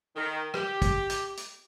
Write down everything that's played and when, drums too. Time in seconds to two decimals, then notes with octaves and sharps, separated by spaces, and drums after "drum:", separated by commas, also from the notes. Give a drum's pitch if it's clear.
0.16 D#3
0.54 G4, drum: rim click
0.82 drum: kick, hi-hat
1.10 drum: hi-hat
1.37 drum: hi-hat